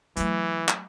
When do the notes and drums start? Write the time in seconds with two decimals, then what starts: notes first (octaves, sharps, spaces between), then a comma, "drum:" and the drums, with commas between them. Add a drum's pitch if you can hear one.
0.17 E3 F#3 A3, drum: hi-hat
0.68 drum: clap